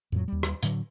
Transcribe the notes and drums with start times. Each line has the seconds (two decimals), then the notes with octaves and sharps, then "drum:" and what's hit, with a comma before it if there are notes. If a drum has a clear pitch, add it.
0.12 F2 A2 F#3
0.28 D#2 G3
0.43 drum: rim click
0.63 A2 D3 F#3, drum: hi-hat